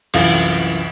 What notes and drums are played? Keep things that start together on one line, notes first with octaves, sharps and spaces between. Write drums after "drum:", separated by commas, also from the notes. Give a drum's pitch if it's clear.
C2 F#2 E3 F4 F5 A#6, drum: cymbal